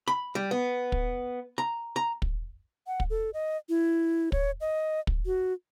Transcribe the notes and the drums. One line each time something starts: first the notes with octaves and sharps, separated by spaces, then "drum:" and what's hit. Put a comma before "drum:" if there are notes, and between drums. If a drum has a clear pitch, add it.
B5
G3
B3
drum: kick
A#5
A#5
drum: kick
F#5
drum: kick
A4
D#5
E4
C#5, drum: kick
D#5
drum: kick
F#4